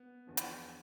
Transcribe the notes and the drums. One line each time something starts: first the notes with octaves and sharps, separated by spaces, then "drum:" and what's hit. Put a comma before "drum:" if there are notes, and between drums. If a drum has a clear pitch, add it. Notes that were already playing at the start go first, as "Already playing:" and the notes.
Already playing: B3
E2 D3 F3
drum: hi-hat